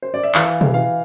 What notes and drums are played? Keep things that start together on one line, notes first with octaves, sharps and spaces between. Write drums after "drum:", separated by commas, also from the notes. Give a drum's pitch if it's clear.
C5
D5
E5
E3 F5, drum: clap
drum: tom B2
E3 F5